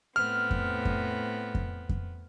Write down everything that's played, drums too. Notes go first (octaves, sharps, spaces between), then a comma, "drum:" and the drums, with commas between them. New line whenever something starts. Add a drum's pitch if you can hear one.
A2 B3 C4 F6
drum: kick F2
drum: kick F2
drum: kick F2
drum: kick F2